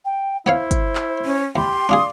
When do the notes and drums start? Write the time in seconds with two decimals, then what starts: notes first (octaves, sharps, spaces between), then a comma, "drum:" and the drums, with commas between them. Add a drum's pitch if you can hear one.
0.05 G5
0.46 B3 E4 C5 C#5 F5
0.71 drum: kick, hi-hat
0.95 drum: clap
1.25 C#4
1.56 E2 G4 B5 C6
1.73 G5
1.89 D4 F4 G#4 D5 D#6